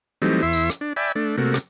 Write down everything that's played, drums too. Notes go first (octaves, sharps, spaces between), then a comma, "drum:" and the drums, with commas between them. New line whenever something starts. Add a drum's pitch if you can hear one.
E3 F#3 G3 A3 C4 D#4
E2 E4 E5 C6
drum: tambourine
drum: rim click
D4
D5 E5 G5 G#5 B5
A3 D4
C3 A3 A#3 F#4
drum: rim click